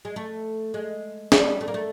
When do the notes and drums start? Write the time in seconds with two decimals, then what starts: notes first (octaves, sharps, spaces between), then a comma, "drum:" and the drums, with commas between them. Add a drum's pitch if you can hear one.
0.05 G#3
0.16 A3
0.74 G#3
1.32 G3, drum: snare
1.61 A3
1.68 A#3
1.74 A3